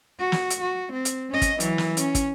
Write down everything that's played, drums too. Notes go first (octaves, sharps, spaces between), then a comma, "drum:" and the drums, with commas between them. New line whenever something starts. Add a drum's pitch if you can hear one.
F#4
drum: snare
drum: hi-hat
F#4
C4
drum: hi-hat
C#4 D#5
drum: kick, hi-hat
E3 F#3, drum: hi-hat
drum: snare
C#4, drum: hi-hat
drum: kick, hi-hat